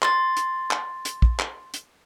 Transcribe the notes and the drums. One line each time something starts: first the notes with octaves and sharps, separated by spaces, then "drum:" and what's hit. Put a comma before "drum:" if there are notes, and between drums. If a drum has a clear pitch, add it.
C6 A6, drum: clap
drum: hi-hat
drum: clap
drum: hi-hat
drum: kick
drum: clap
drum: hi-hat